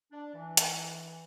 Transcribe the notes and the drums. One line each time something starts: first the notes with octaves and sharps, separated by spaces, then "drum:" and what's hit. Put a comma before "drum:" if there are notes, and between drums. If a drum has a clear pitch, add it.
D4
E3
drum: hi-hat